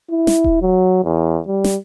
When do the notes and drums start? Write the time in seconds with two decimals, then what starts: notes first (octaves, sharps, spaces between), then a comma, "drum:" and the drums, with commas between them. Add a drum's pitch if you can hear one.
0.10 E4
0.27 drum: snare
0.44 drum: kick D#1
0.62 F#3
1.04 E2
1.47 G3
1.64 drum: snare